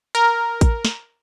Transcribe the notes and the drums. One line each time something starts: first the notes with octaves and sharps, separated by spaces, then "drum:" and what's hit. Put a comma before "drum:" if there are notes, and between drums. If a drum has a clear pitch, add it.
A#4, drum: hi-hat
drum: kick A1, hi-hat
drum: snare